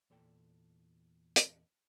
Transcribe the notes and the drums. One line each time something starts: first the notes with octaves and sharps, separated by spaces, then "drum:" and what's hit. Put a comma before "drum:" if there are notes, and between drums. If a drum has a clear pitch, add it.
E2 A#2 A4 G5
drum: hi-hat